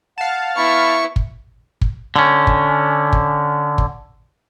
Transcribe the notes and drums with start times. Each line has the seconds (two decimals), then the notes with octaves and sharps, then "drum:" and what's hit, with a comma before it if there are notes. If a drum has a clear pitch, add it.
0.18 F5 F#5 A5
0.56 B3 E4 B5 C#6
1.16 drum: kick
1.81 drum: kick
2.16 D3 C#4
2.47 drum: kick
3.12 drum: kick
3.78 drum: kick